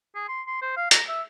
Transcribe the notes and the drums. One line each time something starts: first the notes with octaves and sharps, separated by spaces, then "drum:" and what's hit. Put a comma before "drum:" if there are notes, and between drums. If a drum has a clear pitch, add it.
G#4
C6
C6
C5
F5
A#5, drum: hi-hat
E5